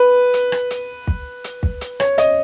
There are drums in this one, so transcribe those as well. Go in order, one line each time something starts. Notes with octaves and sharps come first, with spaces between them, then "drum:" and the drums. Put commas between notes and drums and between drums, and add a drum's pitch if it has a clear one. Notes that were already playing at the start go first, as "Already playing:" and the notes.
Already playing: B4
drum: hi-hat
drum: rim click
drum: hi-hat
drum: kick
drum: hi-hat
drum: kick
drum: hi-hat
C#5, drum: rim click
D#5, drum: hi-hat